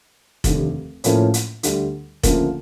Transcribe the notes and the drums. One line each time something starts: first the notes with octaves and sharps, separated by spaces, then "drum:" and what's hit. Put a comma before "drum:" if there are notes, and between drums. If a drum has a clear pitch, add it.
F1 D#2 D3, drum: kick F1, hi-hat
A2 F3 A#3 C#4, drum: hi-hat
drum: hi-hat
D2 D3 G3, drum: hi-hat
D2 C#3 F3 A#3, drum: kick F1, hi-hat